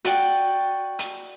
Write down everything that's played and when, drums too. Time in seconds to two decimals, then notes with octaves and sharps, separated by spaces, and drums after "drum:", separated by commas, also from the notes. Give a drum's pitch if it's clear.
0.05 F#4 D5 G5, drum: hi-hat
0.99 drum: hi-hat